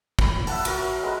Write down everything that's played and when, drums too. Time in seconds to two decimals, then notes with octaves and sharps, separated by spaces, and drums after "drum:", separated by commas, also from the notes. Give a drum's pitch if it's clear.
0.19 C#5 B5, drum: kick
0.47 E5 F#5 A5, drum: open hi-hat
0.65 F#4 A#4 C#5, drum: cymbal
1.03 G#3 B4